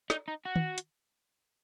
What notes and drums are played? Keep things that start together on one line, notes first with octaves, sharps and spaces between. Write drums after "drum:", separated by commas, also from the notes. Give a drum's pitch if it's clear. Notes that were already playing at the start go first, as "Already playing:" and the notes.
D#4, drum: snare
D#4
F#4
drum: tom
drum: hi-hat